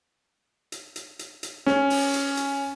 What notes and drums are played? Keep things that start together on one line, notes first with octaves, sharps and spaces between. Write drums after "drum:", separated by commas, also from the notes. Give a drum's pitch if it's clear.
drum: hi-hat
drum: hi-hat
drum: hi-hat
drum: hi-hat
C#4, drum: snare
drum: open hi-hat
drum: hi-hat
drum: hi-hat